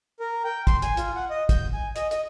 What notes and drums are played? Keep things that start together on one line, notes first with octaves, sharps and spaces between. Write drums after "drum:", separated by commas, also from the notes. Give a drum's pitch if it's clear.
A#4
G5
C6, drum: kick, hi-hat
G#5, drum: hi-hat
F4, drum: hi-hat
F#5
D#5
G6, drum: kick, hi-hat
G#5
D#5, drum: hi-hat
D#5, drum: hi-hat